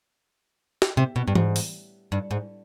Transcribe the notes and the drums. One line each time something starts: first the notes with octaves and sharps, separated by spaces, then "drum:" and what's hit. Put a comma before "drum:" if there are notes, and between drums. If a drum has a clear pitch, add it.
drum: snare
C3
B2
G2
G#2, drum: tom E3
drum: open hi-hat
G2
G#2